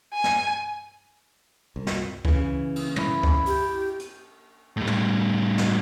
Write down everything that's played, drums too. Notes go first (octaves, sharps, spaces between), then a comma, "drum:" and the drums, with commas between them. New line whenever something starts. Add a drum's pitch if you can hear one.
G#5
drum: snare
C2
drum: snare
C#3 E3, drum: kick C#2
drum: cymbal
E4, drum: tom
drum: kick C#2
G4
drum: hi-hat
A2 G3
drum: tom
drum: snare